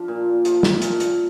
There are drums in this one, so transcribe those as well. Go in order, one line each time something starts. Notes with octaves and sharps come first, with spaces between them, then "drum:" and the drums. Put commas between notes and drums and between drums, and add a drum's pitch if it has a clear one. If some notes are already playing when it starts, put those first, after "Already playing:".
Already playing: F3 D4 F4
A#2
F3, drum: hi-hat
drum: snare
A#2, drum: hi-hat
drum: hi-hat